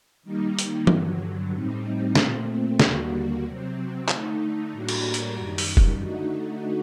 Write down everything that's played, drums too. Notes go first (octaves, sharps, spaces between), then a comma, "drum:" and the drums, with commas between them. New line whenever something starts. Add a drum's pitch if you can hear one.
D#3 G3 A#3 D#4
drum: hi-hat
G2 D3 F#3, drum: tom E3
A2 G3 C4 D#4
A#2 A3 C4, drum: snare
D#2 D3 G3 A#3 F#4, drum: snare
C3 F#3 C4
D3 A3 D#4, drum: clap
A2 G3 A#3 D4 F#4
drum: cymbal
drum: hi-hat
F#2 D#3 G3
drum: open hi-hat
drum: kick
D3 A3 D#4 F#4